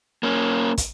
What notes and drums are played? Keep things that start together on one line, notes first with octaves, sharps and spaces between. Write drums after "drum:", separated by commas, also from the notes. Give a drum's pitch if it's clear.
A#3 C#4
drum: kick, hi-hat